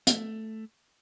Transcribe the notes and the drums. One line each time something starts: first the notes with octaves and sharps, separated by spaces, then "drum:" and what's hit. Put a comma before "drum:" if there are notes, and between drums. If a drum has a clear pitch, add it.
A3, drum: hi-hat